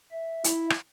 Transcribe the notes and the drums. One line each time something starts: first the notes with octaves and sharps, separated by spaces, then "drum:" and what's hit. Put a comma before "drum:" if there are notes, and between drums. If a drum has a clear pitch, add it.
E5
E4, drum: hi-hat
drum: rim click